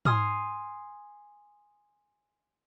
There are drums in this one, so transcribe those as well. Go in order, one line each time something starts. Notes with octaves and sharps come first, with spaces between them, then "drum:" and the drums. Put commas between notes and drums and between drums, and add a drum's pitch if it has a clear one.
G#5 C6 D#6 F6, drum: tom G#2